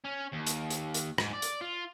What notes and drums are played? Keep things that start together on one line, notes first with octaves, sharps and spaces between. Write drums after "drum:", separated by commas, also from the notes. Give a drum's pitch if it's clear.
C#4
D#2
drum: hi-hat
drum: hi-hat
drum: hi-hat
G#2, drum: rim click
D5
drum: hi-hat
F4